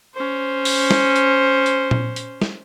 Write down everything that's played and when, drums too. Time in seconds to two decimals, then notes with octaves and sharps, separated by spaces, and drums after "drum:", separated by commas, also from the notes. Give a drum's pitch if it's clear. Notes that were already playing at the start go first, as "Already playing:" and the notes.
0.15 C#4 C5
0.65 drum: open hi-hat
0.91 drum: snare
1.16 drum: hi-hat
1.66 drum: hi-hat
1.91 drum: tom A#2
2.16 drum: hi-hat
2.42 drum: snare